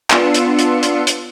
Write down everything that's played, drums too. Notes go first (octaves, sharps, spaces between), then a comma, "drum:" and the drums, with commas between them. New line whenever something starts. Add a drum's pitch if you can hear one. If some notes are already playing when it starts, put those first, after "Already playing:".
B3 D4 F4 C6 E6 C#7, drum: clap
drum: hi-hat
drum: hi-hat
drum: hi-hat
drum: hi-hat